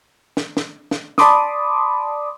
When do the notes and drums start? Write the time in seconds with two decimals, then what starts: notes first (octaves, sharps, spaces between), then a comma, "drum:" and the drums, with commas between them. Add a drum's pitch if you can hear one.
0.37 drum: snare
0.57 drum: snare
0.91 drum: snare
1.18 D5 A5 B5 C6 D6 D#6, drum: snare